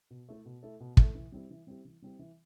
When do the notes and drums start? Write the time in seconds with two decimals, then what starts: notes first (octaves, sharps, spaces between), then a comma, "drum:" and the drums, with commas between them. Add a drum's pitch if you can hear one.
0.10 B2
0.29 A3 E4 A4
0.46 B2
0.63 A3 E4 A4
0.80 B2
0.97 A3 E4 A4, drum: kick
1.15 E3
1.32 G3 C4 E4 G4
1.50 E3
1.67 G3 C4 E4 G4
1.85 E3
2.02 G3 C4 E4 G4
2.19 E3